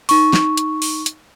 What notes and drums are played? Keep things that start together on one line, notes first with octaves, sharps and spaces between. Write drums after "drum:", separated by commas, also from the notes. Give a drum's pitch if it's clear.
D#4 C#6, drum: open hi-hat
drum: snare
drum: hi-hat
drum: open hi-hat
drum: hi-hat